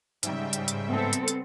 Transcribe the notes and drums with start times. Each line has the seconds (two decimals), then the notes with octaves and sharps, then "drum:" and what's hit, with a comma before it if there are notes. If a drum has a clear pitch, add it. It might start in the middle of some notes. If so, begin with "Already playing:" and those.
0.23 G#2 C#3 G3 E5 G5, drum: hi-hat
0.53 drum: hi-hat
0.68 drum: hi-hat
0.89 B3 C4 A4
1.13 drum: hi-hat
1.28 drum: hi-hat